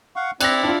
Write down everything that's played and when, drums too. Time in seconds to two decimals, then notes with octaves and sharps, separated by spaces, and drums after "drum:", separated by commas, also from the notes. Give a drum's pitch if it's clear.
0.16 F5 F#5 C#6
0.41 C4 E4 D5 F#6 A#6, drum: cymbal
0.63 D4 F4